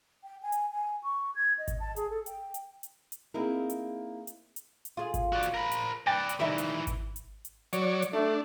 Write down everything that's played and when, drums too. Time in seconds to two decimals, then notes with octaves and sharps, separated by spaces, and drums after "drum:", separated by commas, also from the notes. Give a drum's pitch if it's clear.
0.23 G5
0.43 G#5
0.52 drum: hi-hat
0.71 G#5
1.03 C#6
1.36 G#6
1.58 D#5
1.68 drum: kick G#1, hi-hat
1.80 A5
1.96 G#4, drum: hi-hat
2.10 A4
2.26 G5, drum: hi-hat
2.54 drum: hi-hat
2.83 drum: hi-hat
3.12 drum: hi-hat
3.34 A#3 C4 D#4 E4 G#4 A#4
3.70 drum: hi-hat
4.27 drum: hi-hat
4.56 drum: hi-hat
4.85 drum: hi-hat
4.97 F4 G#4
5.14 drum: kick G#1, hi-hat
5.33 F#4 D5
5.43 drum: hi-hat
5.54 A#4 B5
5.72 drum: hi-hat
6.07 B4 D5 G5 A6
6.29 drum: hi-hat
6.40 D#3 E3 G3 D#4 E5
6.58 drum: hi-hat
6.87 drum: kick G#1, hi-hat
7.16 drum: hi-hat
7.45 drum: hi-hat
7.73 F#3 C#5 D5, drum: hi-hat
8.02 drum: hi-hat
8.13 A3 D4